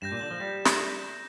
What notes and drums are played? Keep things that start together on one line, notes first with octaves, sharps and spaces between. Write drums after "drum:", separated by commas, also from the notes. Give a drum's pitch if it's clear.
G2 G6 A#6 E7
A#2
D3
F3
G3
drum: snare